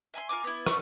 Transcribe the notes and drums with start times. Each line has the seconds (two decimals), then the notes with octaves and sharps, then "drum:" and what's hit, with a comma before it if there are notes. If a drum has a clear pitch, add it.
0.14 E5 G#5 B5 C6
0.29 F4 A#4 G#5 D6
0.44 B3 E4
0.66 A3 D5 F#5 C#6, drum: rim click